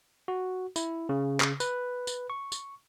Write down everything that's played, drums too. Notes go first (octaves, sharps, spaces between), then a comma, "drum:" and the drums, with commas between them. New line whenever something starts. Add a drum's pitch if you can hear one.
F#4
E4, drum: tambourine
C#3
drum: clap
B4, drum: tambourine
drum: tambourine
C#6
drum: tambourine